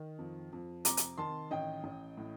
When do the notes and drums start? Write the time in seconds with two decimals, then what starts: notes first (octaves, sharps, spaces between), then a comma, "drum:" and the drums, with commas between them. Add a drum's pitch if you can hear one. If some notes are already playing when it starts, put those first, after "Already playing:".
Already playing: D#3
0.18 F2
0.53 F2
0.85 C3 A#5 D6, drum: hi-hat
0.97 drum: hi-hat
1.18 D#3 A5 C6
1.51 A1 D#5 G5
1.84 A1
2.17 A2